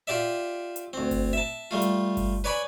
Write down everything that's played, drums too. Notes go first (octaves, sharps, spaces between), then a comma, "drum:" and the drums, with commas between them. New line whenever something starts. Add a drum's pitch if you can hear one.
F4 G4 D5 E5
drum: hi-hat
D2 C4
drum: kick G1, open hi-hat
E5 A5
G3 A3 F4
drum: hi-hat
drum: kick G1, open hi-hat
B4 C#5 D5 G#5 B5